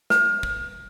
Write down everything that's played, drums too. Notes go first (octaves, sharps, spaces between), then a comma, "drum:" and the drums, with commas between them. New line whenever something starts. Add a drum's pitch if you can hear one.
B4, drum: snare
drum: kick